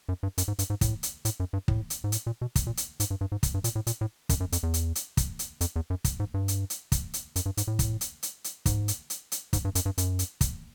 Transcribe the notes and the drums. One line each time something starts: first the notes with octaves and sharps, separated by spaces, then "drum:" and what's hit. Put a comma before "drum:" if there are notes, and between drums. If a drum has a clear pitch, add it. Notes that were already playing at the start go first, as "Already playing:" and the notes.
F#2
G2
F#2, drum: hi-hat
G#2
G2, drum: hi-hat
G#2
A2, drum: kick, hi-hat
drum: hi-hat
A2, drum: hi-hat
F#2
G2
A2, drum: kick
drum: hi-hat
G#2
A2, drum: hi-hat
A#2
B2
drum: kick, hi-hat
A#2
drum: hi-hat
G#2, drum: hi-hat
G2
G2
G#2
drum: kick, hi-hat
G2
A#2, drum: hi-hat
A2
A#2, drum: hi-hat
A2
F#2, drum: kick, hi-hat
F#2
F2, drum: hi-hat
E2
drum: hi-hat
drum: hi-hat
drum: kick, hi-hat
drum: hi-hat
F2, drum: hi-hat
E2
F#2
drum: kick, hi-hat
G#2
G2
drum: hi-hat
drum: hi-hat
drum: kick, hi-hat
drum: hi-hat
F#2, drum: hi-hat
G2
G#2, drum: hi-hat
A2
drum: kick, hi-hat
drum: hi-hat
drum: hi-hat
drum: hi-hat
G#2, drum: kick, hi-hat
drum: hi-hat
drum: hi-hat
drum: hi-hat
G#2, drum: kick, hi-hat
G2
F#2, drum: hi-hat
G2
F#2, drum: hi-hat
drum: hi-hat
drum: kick, hi-hat